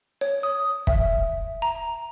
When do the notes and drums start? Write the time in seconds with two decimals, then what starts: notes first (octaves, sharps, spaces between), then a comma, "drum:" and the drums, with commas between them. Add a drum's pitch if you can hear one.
0.21 C#5
0.43 D#6
0.87 E5, drum: kick
1.62 A#5